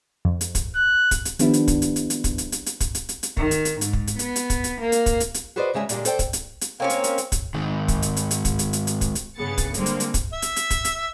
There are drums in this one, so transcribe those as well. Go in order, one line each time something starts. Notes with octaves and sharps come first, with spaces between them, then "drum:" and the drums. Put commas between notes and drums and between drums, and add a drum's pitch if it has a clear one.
F2
drum: hi-hat
drum: kick, hi-hat
F#6
drum: kick, hi-hat
drum: hi-hat
D#3 F3 G3 B3 D4 E4, drum: hi-hat
drum: hi-hat
drum: kick, hi-hat
drum: hi-hat
drum: hi-hat
drum: hi-hat
drum: kick, hi-hat
drum: hi-hat
drum: hi-hat
drum: hi-hat
drum: kick, hi-hat
drum: hi-hat
drum: hi-hat
drum: hi-hat
D#3, drum: kick
drum: hi-hat
drum: hi-hat
G#2, drum: hi-hat
drum: kick
drum: hi-hat
B3, drum: hi-hat
drum: hi-hat
drum: kick, hi-hat
drum: hi-hat
A#3
drum: hi-hat
drum: kick, hi-hat
drum: hi-hat
drum: hi-hat
F#4 G#4 B4 C5 D5 D#5
D2 C#3 G#3 E5 F5 G#5
A#2 D3 G3 G#3, drum: hi-hat
A4 C5 D5 F#5 G5, drum: hi-hat
drum: kick, hi-hat
drum: hi-hat
drum: hi-hat
A#3 C4 C#4 C#5
drum: hi-hat
drum: hi-hat
drum: hi-hat
drum: kick, hi-hat
G#2 D#3
drum: kick, hi-hat
drum: hi-hat
drum: hi-hat
drum: hi-hat
drum: kick, hi-hat
drum: hi-hat
drum: hi-hat
drum: hi-hat
drum: kick, hi-hat
drum: hi-hat
G2 C#3 B3 G#4 A6 C#7
drum: kick, hi-hat
D3 G3 G#3 A#3 C4, drum: hi-hat
drum: hi-hat
drum: hi-hat
drum: kick, hi-hat
E5
drum: hi-hat
drum: hi-hat
drum: kick, hi-hat
drum: hi-hat